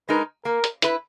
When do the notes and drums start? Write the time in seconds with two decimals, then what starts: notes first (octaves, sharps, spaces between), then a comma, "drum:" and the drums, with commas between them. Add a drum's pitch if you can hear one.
0.09 G#3 D#4 A#4 B4
0.45 A#3 A#4
0.64 drum: hi-hat
0.82 E4 B4, drum: hi-hat